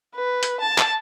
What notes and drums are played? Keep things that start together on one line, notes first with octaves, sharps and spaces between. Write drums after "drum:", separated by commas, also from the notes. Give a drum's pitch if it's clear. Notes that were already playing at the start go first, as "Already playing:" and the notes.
B4
drum: hi-hat
A5
drum: clap